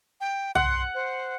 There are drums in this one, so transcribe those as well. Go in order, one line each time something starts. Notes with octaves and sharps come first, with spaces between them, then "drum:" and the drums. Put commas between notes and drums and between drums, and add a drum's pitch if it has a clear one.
G5
F#5 C6, drum: tom
C5